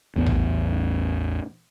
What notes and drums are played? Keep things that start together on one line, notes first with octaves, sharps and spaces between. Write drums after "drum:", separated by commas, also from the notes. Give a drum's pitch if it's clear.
A1 E2 B3
drum: tom A#1